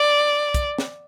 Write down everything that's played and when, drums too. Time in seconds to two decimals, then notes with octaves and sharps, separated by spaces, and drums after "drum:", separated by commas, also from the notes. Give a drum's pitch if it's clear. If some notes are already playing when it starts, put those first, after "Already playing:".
Already playing: D5
0.54 drum: kick, hi-hat
0.78 drum: snare